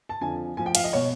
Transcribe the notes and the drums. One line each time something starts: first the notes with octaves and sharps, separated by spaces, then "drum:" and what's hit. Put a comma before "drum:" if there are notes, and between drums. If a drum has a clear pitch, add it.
A5
F2 D3 F3 G#5
A2 F3 G#5
G5
F5, drum: cymbal
D#5
B2 C#5